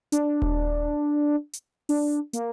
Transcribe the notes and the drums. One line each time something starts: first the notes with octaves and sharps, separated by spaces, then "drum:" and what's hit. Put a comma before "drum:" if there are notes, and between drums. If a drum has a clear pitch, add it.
D4, drum: hi-hat
drum: kick D#1
drum: hi-hat
D4, drum: open hi-hat
A#3, drum: hi-hat